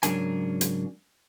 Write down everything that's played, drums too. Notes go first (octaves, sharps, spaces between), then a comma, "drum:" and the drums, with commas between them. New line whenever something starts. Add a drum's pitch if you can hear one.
G#2 C#3 F#3 D4 A#4 G#5, drum: hi-hat
drum: hi-hat